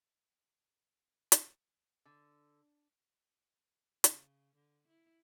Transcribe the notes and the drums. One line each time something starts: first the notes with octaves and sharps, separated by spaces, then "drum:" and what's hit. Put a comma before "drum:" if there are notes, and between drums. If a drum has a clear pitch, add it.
drum: hi-hat
D3
C#3, drum: hi-hat
D3
E4